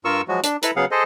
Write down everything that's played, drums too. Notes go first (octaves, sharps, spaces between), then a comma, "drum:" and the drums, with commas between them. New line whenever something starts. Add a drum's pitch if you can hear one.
G2 F4 A#4 C#6 E6
F3 F#3 G#3 F#4
D4, drum: hi-hat
E4 A4 B4 A#5, drum: hi-hat
C#3 F#3 B3 G#4 F5 F#5
G#4 A4 C5 D#5